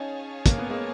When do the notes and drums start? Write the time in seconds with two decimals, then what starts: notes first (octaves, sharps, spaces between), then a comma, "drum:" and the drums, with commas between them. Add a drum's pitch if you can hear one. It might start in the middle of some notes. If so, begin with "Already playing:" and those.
Already playing: C#4 D#4 G#4 C#5 F5 A5
0.46 A#3, drum: kick, hi-hat
0.58 B3
0.69 G#3 A#3